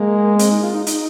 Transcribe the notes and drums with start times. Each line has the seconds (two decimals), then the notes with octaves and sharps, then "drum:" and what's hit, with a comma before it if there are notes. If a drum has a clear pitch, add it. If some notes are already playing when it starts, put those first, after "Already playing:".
Already playing: G#3 A#3
0.39 C4, drum: hi-hat
0.51 D#4
0.63 F4
0.74 D#4
0.87 D#4, drum: hi-hat